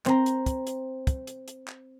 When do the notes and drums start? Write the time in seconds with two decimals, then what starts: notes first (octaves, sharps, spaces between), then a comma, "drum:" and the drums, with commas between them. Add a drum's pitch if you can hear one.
0.06 C4 C5 A#5, drum: clap
0.26 drum: hi-hat
0.46 drum: kick, hi-hat
0.67 drum: hi-hat
1.07 drum: kick, hi-hat
1.27 drum: hi-hat
1.48 drum: hi-hat
1.68 drum: clap